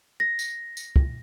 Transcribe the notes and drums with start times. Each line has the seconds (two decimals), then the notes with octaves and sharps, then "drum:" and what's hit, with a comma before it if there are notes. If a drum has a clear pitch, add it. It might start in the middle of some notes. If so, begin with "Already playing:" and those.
0.20 A#6
0.39 drum: tambourine
0.77 drum: tambourine
0.96 drum: kick